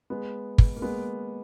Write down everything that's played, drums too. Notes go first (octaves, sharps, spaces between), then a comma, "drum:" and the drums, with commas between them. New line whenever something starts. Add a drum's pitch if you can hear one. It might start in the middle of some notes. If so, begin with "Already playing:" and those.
G#3 B3
drum: kick
A#3
G#3 B3